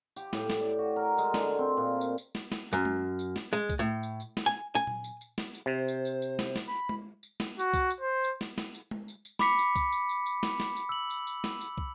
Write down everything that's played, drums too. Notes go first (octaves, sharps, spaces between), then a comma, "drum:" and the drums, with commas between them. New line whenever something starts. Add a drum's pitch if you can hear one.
G4, drum: tambourine
A2, drum: snare
drum: snare
D5
F#4
A#4
G#3, drum: tambourine
D3, drum: snare
C4
A#2
drum: tambourine
drum: tambourine
drum: snare
drum: snare
F#2
drum: tom G#3
drum: tambourine
drum: snare
G#3, drum: tambourine
drum: kick, tambourine
A2
drum: tambourine
drum: tambourine
drum: snare
G#5
G#5
drum: tom A#2
drum: tambourine
drum: tambourine
drum: snare
drum: tambourine
C3 C5
drum: tambourine
drum: tambourine
drum: tambourine
drum: snare
drum: snare
B5
drum: tom G#3
drum: tambourine
drum: snare
F#4, drum: tambourine
drum: kick, tambourine
drum: tambourine
C5
drum: tambourine
drum: snare
drum: snare
drum: tambourine
drum: tom G#3
drum: tambourine
drum: tambourine
B5 D6 B6 C#7, drum: snare
drum: tambourine
drum: kick, tambourine
drum: tambourine
drum: tambourine
drum: tambourine
drum: snare
drum: snare
drum: tambourine
E6 F#7
drum: tambourine
drum: tambourine
drum: snare
drum: tambourine
drum: kick